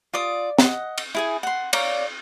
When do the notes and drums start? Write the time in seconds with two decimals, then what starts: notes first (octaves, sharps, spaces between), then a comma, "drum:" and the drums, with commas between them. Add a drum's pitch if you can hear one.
0.14 F4 D5 D#6
0.59 D#5 F#5, drum: snare
0.98 drum: cymbal
1.15 E4 G#4 G#5
1.43 F#5 C6
1.73 C#5 D5 F5 A#5, drum: cymbal